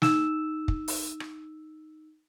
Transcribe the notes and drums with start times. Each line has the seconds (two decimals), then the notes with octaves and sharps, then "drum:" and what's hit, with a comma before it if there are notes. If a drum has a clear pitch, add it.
0.02 D#4 E6 E7, drum: snare
0.68 drum: kick
0.88 drum: open hi-hat
1.20 drum: rim click